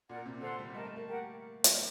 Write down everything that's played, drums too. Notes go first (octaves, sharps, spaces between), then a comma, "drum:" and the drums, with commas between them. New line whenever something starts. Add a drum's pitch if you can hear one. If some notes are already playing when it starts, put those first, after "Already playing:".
A#2 A#4 D5 F#5
C3
D3 A4 C5 F#5 C6
G3
A3 A#4 D#5 A5
A3
A#3
G4 A#4 F#5
drum: hi-hat